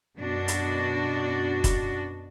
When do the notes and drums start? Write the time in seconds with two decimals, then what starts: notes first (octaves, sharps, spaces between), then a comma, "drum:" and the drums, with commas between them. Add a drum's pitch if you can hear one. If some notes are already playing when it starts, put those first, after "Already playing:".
0.19 F#2 B2 D4 F#4
0.48 drum: hi-hat
1.64 drum: kick, hi-hat